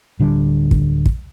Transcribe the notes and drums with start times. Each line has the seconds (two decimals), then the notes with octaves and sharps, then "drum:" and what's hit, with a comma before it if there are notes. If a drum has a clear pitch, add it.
0.19 D1 D3 G3
0.71 drum: kick
1.06 drum: kick